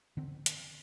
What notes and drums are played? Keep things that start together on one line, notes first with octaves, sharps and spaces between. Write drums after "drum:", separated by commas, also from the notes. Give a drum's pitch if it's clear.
D3 C4
drum: hi-hat